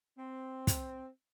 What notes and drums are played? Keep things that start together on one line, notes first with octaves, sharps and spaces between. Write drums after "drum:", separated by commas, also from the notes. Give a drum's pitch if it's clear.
C4
drum: kick, hi-hat